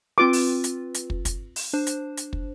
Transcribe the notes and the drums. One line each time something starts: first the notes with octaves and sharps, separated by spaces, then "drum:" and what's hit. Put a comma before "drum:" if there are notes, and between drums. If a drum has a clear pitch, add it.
C4 F4 B4 D6
drum: open hi-hat
drum: hi-hat
drum: hi-hat
drum: kick
drum: kick, hi-hat
drum: open hi-hat
D4 C5
drum: hi-hat
drum: hi-hat
drum: kick